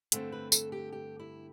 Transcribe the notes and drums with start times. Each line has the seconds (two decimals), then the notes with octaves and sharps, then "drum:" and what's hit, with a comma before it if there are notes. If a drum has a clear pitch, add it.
0.12 G2 D3 A3 C4 A4, drum: hi-hat
0.32 B4
0.52 A4, drum: tambourine
0.72 G4
0.92 G4
1.19 E4